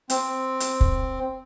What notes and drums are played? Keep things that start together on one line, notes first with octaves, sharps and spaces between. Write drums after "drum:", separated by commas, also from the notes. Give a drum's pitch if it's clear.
C4, drum: hi-hat
drum: hi-hat
drum: kick